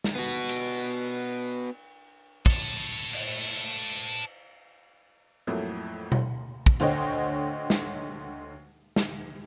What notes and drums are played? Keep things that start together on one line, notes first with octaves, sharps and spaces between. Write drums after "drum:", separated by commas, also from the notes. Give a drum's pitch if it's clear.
drum: snare
B3 F#4
drum: cymbal
A4 C#5, drum: kick
drum: cymbal
F2 A2 F#3 A3 A#3
drum: tom B2
drum: kick
D2 D3 C5 C#5 D#5 G5, drum: hi-hat
drum: snare
drum: snare